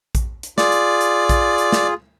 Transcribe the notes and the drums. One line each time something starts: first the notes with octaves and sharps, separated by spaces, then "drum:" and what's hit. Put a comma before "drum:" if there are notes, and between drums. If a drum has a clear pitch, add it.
drum: kick A#1, hi-hat
drum: hi-hat
F4 G#4 D5, drum: snare
drum: hi-hat
drum: hi-hat
drum: kick A#1, hi-hat
drum: hi-hat
drum: snare